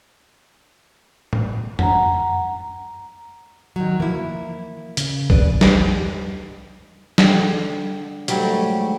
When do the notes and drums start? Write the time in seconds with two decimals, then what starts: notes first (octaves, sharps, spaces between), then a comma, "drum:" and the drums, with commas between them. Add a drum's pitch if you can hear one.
1.33 drum: tom A2
1.79 F#5 A#5, drum: tom
3.76 D#3 F#3
4.00 E3 F3 A#3 E4
4.97 C#3, drum: hi-hat
5.30 F1 B4 D5, drum: kick
5.61 G4 B4, drum: snare
7.18 D3 G3, drum: snare
8.28 G#2 D#3 F#3 G3 A3 G4, drum: hi-hat